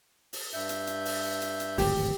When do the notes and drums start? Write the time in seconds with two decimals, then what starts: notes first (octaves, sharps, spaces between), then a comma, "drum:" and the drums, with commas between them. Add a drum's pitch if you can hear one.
0.33 drum: open hi-hat
0.53 G2 E5 G6
0.69 drum: hi-hat
0.87 drum: hi-hat
1.05 drum: open hi-hat
1.42 drum: hi-hat
1.60 drum: hi-hat
1.78 D1 G#1 F2 G4, drum: open hi-hat